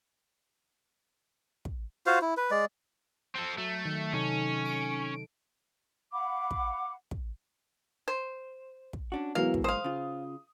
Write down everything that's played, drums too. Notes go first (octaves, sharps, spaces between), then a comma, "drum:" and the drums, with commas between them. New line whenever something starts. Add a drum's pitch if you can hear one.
drum: kick
F4 F#4 C5 F5
E4
B4
G#3 D5
C4 A4
F#3 A3
D#3
C3 C#4 D#4 A4
D7
F5 F#5 B5 D6
drum: kick
drum: kick
C5
drum: kick
C#4 D4 F#4
G#2 E3 F#3 A#3 B3 E4 F5
drum: kick
C5 F5 D#6
C#3 F4